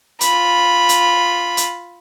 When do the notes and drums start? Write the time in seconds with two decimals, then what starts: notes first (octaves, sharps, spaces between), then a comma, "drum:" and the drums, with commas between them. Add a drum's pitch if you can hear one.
0.21 F4 B5, drum: hi-hat
0.89 drum: hi-hat
1.57 drum: hi-hat